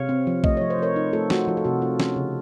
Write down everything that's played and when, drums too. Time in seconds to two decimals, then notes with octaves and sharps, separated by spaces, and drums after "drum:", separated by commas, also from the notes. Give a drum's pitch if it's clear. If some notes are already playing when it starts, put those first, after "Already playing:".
Already playing: C3 C#5 F5
0.09 C4
0.27 F3
0.44 A3 D#5, drum: kick A#1
0.57 F3 C#5
0.70 C5
0.78 F3 A#4 C#5
0.96 D#4
1.13 A3 F4 A4
1.30 A3 F#4, drum: snare
1.47 F3 F4
1.57 A4
1.65 C3 F#4
1.82 F4
2.00 C#4, drum: snare
2.16 C#3